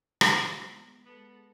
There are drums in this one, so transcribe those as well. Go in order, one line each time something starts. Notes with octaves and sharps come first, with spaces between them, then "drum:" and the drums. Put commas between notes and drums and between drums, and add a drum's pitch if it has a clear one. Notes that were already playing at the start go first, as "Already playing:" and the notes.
D#3, drum: rim click
G#3 B3
G#3 B3 A4